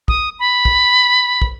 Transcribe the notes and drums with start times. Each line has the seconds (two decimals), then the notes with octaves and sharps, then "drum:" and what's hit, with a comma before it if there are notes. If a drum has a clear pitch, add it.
0.08 D#6, drum: kick
0.39 B5
0.65 drum: kick
1.42 drum: kick